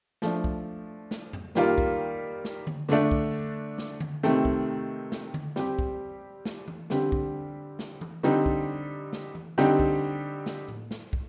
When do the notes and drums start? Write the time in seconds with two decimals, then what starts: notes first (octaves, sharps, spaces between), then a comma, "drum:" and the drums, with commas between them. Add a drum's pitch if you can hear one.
0.22 F3 A3 D4, drum: snare
0.44 drum: kick
1.11 drum: snare
1.33 drum: tom F2
1.55 D#3 G3 A#3 F4, drum: snare
1.78 drum: kick
2.45 drum: snare
2.67 drum: tom D3
2.89 D3 A3 D4, drum: snare
3.11 drum: kick
3.78 drum: snare
4.00 drum: tom D3
4.23 C3 D#3 A3 C4, drum: snare
4.45 drum: kick
5.12 drum: snare
5.34 drum: tom D3
5.56 G3 C4 G4, drum: snare
5.79 drum: kick
6.45 drum: snare
6.68 drum: tom E3
6.90 D3 G3 C4 G4, drum: snare
7.12 drum: kick
7.79 drum: snare
8.01 drum: tom E3
8.23 D3 G3 C4 D#4, drum: snare
8.46 drum: kick
9.13 drum: snare
9.35 drum: tom E3
9.58 D3 G3 C4 D#4 G4, drum: snare
9.79 drum: kick
10.46 drum: snare
10.68 drum: tom A2
10.91 drum: snare
11.13 drum: kick